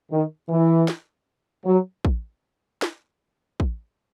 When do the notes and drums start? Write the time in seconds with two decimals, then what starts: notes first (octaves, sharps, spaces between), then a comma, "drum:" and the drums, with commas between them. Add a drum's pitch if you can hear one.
0.11 D#3
0.49 E3
0.88 drum: snare
1.65 F#3
2.05 drum: kick
2.82 drum: snare
3.60 drum: kick